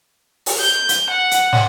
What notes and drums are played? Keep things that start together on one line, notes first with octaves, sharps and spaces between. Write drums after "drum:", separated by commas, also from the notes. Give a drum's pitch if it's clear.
drum: open hi-hat
G6
drum: hi-hat
F#5
drum: hi-hat
drum: snare